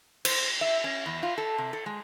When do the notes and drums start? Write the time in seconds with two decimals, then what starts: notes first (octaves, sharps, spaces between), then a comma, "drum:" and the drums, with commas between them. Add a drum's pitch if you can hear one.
0.25 C5, drum: cymbal
0.61 E5
0.84 C#4
1.06 E2
1.23 F4
1.38 A4
1.58 C3
1.73 A4
1.86 G#3